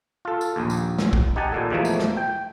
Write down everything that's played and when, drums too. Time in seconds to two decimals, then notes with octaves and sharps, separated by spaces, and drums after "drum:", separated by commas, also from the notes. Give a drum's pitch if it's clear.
0.25 F4 A4
0.41 drum: tambourine
0.56 A#1 D#2
0.70 drum: tambourine
0.99 drum: snare
1.13 drum: kick
1.36 D#4 G4 F#5 G#5 A5
1.52 D#2 A#2 A4
1.70 E2 B2 E3 F3 A3 A#3
1.85 drum: tambourine
1.99 drum: snare
2.17 G5